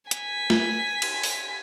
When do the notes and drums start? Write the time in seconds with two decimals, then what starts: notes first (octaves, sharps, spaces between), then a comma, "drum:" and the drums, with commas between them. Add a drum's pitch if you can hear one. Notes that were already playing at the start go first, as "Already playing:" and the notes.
0.11 G#5 B6, drum: hi-hat
0.50 drum: snare
1.02 drum: cymbal
1.23 drum: open hi-hat